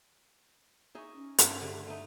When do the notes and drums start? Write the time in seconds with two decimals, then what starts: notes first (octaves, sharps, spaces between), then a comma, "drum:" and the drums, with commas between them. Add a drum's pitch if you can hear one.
0.95 D#4 G#4 D#5 E5 C#6
1.15 C#4
1.38 G2 E5, drum: hi-hat
1.61 D3 G4 E5
1.86 A3 D#4 E5